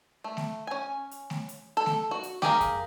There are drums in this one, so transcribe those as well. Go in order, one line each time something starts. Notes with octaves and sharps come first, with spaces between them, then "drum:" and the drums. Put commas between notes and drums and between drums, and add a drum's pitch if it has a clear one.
A3
drum: snare A3
C#4 G#5
drum: hi-hat
drum: snare A3
drum: hi-hat
A4
drum: snare A3
F#4
drum: hi-hat
G4 G#4 A#4 F5, drum: snare A3
drum: kick F2, hi-hat